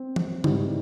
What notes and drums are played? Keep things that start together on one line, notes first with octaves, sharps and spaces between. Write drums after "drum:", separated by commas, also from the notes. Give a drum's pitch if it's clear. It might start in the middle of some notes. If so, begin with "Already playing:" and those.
Already playing: C4
drum: tom
G#2 E3 G3, drum: tom